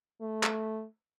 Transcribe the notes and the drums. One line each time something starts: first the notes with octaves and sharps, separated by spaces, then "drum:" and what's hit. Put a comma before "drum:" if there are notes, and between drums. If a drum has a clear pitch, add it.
A3
drum: clap